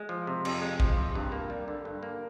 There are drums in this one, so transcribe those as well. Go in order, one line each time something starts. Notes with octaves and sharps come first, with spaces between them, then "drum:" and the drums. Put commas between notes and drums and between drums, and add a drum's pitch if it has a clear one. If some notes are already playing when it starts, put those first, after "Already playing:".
Already playing: G#3
F3
C3
F2, drum: cymbal
G#3
F3, drum: kick
C3
G2
A#3
G3
D3
G2
A#3